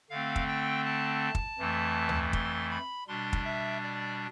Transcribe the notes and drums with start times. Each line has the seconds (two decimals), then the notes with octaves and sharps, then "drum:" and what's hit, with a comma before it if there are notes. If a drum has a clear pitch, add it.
0.10 D3 A3 C4 F5
0.36 drum: kick
0.48 G5
0.85 A5
1.35 drum: kick
1.59 F2 E3 A3
2.09 drum: tom D2
2.33 C6, drum: kick
2.70 B5
3.07 B2 G3 D4 C6
3.33 drum: kick
3.44 E5
3.83 D5